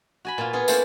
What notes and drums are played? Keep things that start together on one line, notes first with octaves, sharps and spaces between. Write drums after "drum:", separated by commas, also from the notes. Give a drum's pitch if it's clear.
F#4 G#5 B5
A#2 F4
B3 F4 G#4
A3 A#3 C#4 E4 A4 C5, drum: tambourine